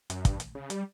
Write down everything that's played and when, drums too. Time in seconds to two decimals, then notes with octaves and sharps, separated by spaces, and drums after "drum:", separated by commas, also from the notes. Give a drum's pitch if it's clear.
0.10 F#2, drum: hi-hat
0.25 G2, drum: kick, hi-hat
0.40 drum: hi-hat
0.55 C#3
0.70 G3, drum: hi-hat